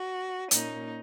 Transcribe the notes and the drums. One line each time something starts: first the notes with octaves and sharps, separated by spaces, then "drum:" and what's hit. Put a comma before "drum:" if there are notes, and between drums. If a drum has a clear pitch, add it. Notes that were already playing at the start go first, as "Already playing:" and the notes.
Already playing: F#4
A#2 A#3 C#4 D#4, drum: hi-hat